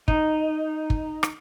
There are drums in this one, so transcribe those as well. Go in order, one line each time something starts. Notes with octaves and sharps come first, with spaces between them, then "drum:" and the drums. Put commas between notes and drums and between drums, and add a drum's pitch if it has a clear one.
D#4, drum: kick
drum: kick
drum: rim click